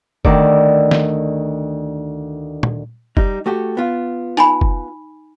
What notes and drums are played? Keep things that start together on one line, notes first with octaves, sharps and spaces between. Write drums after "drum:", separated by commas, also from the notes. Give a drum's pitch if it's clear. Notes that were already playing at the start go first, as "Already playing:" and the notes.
D2 D#3 D5, drum: kick
drum: snare
drum: tom A#2
G3 D#4, drum: kick
A3 F#4 G4
B3 F4
D#4 G#5 B5, drum: hi-hat
drum: kick